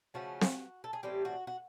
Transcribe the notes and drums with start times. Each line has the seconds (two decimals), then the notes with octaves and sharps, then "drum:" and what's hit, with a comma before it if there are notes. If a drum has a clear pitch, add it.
0.14 C#3 F3 A3 C#4 F#4
0.41 drum: snare C4
0.84 A4
0.93 G#4
1.03 A2 E3 G3 C4 G4
1.25 F#4
1.47 F#4